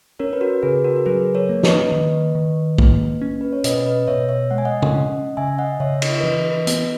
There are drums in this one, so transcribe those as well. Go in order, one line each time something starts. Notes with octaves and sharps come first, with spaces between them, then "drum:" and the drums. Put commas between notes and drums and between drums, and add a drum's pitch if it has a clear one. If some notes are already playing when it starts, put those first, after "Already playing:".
C#4 A#4 C#5
B4
F#4 A#4
C#3 G#4 B4
F#4 A#4
A#4
F#3 G#4 B4
A#4 C#5
A#3
B4 D#5, drum: snare
D#3
D#3
A#3, drum: kick
C#4
B4
C#5
B2 B4 D#5, drum: hi-hat
B4 D#5
B2 C#5 E5
C#5 E5
G#3 F#5
G#5
D#5 F#5
drum: tom
C#4
C#3 E5 G#5
D#5 F#5
C#3 C#5 E5
D#5, drum: cymbal
E5
E3 B4 D#5
B3, drum: hi-hat